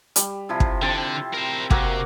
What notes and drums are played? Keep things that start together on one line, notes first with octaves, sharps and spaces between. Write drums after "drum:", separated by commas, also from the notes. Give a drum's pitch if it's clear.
G3, drum: hi-hat
C3 F3 E4
drum: kick
D3 C4 A5
A#4 C5
C3 A#3 F#4 A#4, drum: kick